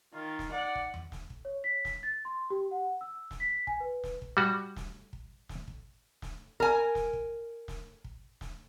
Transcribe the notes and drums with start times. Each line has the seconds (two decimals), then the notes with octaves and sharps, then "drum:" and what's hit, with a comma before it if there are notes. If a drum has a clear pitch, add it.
0.14 D#3 F4
0.39 drum: snare
0.52 D5 F#5
0.75 drum: kick
0.94 drum: tom E2
1.12 drum: snare
1.30 drum: kick
1.45 C#5
1.64 B6
1.85 drum: snare
2.03 A6
2.25 C6
2.50 G4
2.71 F#5
3.01 E6
3.31 drum: snare
3.40 B6
3.67 G#5, drum: kick
3.80 B4
4.04 drum: snare
4.22 drum: kick
4.37 G3 F#4
4.76 drum: snare
5.13 drum: kick
5.49 drum: snare
5.68 drum: kick
6.22 drum: snare
6.60 A#4 G#5, drum: kick
6.95 drum: snare
7.13 drum: kick
7.68 drum: snare
8.04 drum: kick
8.41 drum: snare